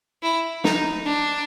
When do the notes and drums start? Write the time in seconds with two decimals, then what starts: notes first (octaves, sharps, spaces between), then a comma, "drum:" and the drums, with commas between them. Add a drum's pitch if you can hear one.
0.23 E4
0.64 D#4, drum: snare
1.06 D4